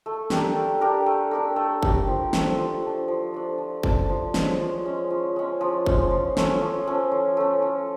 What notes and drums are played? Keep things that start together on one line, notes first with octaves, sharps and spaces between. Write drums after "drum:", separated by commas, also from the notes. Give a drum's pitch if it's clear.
A3
D4 G4 A#4, drum: snare
A3
D4 G4 A#4
A3
D4 G4 A#4
A3
D4 G4 A#4, drum: kick
F3
A3 D4, drum: snare
F3
A3 D4
F3
A3 D4
F3
A3 D4, drum: kick
F3
G#3 C#4, drum: snare
F3
G#3 C#4
F3
G#3 C#4
F3
G#3 C#4, drum: kick
F3
A3 C#4, drum: snare
F3
A3 C#4
F3
A3 C#4
F3